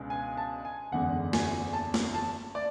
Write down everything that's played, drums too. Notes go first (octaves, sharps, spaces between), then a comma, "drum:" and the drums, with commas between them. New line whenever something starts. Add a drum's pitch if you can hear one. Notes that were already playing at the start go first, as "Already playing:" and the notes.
Already playing: C#2 B2 G#3 B3 D4
G#5
A5
G#5
F#1 E2 D3 G#3 F#5
G#5, drum: snare
A5
drum: snare
A5
D5